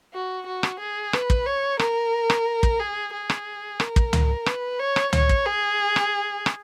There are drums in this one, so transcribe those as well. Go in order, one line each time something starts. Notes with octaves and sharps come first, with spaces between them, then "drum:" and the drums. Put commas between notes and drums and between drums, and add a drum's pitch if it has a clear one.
F#4
F#4
drum: rim click
G#4
B4, drum: rim click
drum: kick
C#5
A#4, drum: rim click
drum: rim click
drum: kick
G#4
G#4
drum: rim click
A#4, drum: rim click
drum: kick
drum: tom
B4, drum: rim click
C#5
drum: rim click
C#5, drum: tom
drum: kick
G#4
drum: rim click
drum: rim click